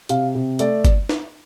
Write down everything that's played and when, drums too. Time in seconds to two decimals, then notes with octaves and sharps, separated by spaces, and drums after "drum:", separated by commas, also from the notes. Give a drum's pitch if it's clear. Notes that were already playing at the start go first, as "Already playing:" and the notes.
0.09 C3 F5, drum: hi-hat
0.35 C3
0.59 A3 D5, drum: hi-hat
0.85 drum: kick, hi-hat
1.09 drum: snare